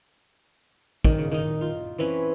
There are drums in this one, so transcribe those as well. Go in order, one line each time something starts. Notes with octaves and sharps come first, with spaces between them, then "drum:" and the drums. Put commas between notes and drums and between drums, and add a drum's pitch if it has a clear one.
D#3, drum: kick
C#3
D#3 D#4
F4
E3 C4 C#4 B4